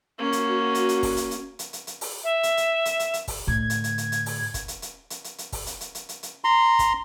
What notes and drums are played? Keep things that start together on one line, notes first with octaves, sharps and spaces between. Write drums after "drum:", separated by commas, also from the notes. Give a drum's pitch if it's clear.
A#3 C#4 F#4
drum: hi-hat
drum: hi-hat
drum: hi-hat
drum: kick, open hi-hat
drum: hi-hat
drum: hi-hat
drum: hi-hat
drum: hi-hat
drum: hi-hat
drum: open hi-hat
E5
drum: hi-hat
drum: hi-hat
drum: hi-hat
drum: hi-hat
drum: hi-hat
drum: kick, open hi-hat
A2 D3 G#6
drum: hi-hat
drum: hi-hat
drum: hi-hat
drum: hi-hat
drum: open hi-hat
drum: kick, hi-hat
drum: hi-hat
drum: hi-hat
drum: hi-hat
drum: hi-hat
drum: hi-hat
drum: kick, open hi-hat
drum: hi-hat
drum: hi-hat
drum: hi-hat
drum: hi-hat
drum: hi-hat
A#5 C6
drum: kick, hi-hat